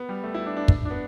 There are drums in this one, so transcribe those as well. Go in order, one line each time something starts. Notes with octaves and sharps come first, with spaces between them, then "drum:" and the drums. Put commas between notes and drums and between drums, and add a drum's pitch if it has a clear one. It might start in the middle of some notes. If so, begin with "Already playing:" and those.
Already playing: B3
G3
A3
E4
D4
D4
drum: kick
D4
B3